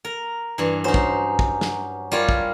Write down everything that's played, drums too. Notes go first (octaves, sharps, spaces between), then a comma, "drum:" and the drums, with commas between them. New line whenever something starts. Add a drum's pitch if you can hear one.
A#4
G2 E3
F#3 C#4 D#4 C5
drum: kick
drum: kick
drum: snare
G3 F4 A#4 C#5 D5
drum: kick